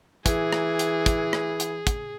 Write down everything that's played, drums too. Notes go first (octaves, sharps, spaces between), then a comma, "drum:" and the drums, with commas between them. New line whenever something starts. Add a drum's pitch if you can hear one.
E3 G#4, drum: kick, hi-hat
drum: rim click
drum: hi-hat
drum: kick, hi-hat
drum: rim click
drum: hi-hat
drum: kick, hi-hat